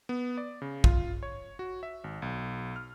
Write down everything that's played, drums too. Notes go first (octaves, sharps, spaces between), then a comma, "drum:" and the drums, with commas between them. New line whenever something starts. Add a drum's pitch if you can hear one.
B3
D5
C#3
F4, drum: kick
C#5
F#4
E5
G#1
B1
F6